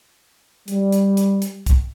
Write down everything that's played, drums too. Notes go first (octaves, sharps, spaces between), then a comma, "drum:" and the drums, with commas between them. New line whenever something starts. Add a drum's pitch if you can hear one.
G3, drum: hi-hat
drum: hi-hat
drum: hi-hat
drum: hi-hat
drum: kick, hi-hat